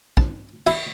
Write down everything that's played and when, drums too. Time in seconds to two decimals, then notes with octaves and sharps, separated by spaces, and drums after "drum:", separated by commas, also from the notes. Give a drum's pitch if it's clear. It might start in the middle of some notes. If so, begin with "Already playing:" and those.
0.17 A5, drum: kick
0.67 E4, drum: cymbal